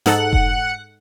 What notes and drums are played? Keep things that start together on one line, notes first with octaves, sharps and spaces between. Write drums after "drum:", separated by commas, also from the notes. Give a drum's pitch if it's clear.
G#2 D#4 A4 F#5, drum: snare
drum: kick F1